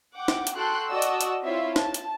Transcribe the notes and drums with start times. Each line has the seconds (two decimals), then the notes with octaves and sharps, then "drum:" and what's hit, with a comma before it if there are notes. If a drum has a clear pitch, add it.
0.16 F#5 G5 D6
0.28 drum: snare
0.47 drum: hi-hat
0.56 F#4 A4 G5 C6 F#6
0.89 F#4 D5 D#5 A5 E6
1.02 drum: hi-hat
1.21 drum: hi-hat
1.43 C4 E4 F4 C#5 E5
1.76 A5, drum: snare
1.94 drum: hi-hat